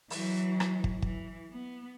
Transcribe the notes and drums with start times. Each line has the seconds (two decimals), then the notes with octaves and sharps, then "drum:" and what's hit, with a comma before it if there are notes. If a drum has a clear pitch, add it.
0.10 E3 F#3, drum: open hi-hat
0.60 drum: rim click
0.84 drum: kick
1.02 E3, drum: kick
1.50 B3